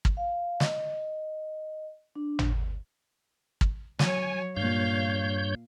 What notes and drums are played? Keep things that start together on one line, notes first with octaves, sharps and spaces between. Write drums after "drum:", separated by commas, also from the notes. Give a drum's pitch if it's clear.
drum: kick
F5
D#5, drum: snare
D4
drum: tom
drum: kick
F#3 C#5 G#5, drum: snare
G2 A#2 C#5 F5 G6